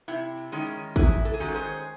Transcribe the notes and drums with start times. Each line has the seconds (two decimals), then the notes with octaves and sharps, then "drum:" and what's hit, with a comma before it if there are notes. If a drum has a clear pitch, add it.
0.08 C3 E4, drum: tambourine
0.37 drum: tambourine
0.52 D#3 G#3 C#4
0.67 drum: tambourine
0.96 C3 E4 G#4, drum: kick, tambourine
1.25 A4, drum: tambourine
1.34 G#4
1.40 D#3 G#3 C#4 F#4 A4
1.54 G#4 C5, drum: tambourine